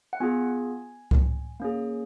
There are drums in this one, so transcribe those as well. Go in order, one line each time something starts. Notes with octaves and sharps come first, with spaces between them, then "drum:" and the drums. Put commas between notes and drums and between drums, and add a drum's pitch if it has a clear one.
F#5
B3 F4 G#4 G#5
drum: kick C#2
A#3 C#4 G#4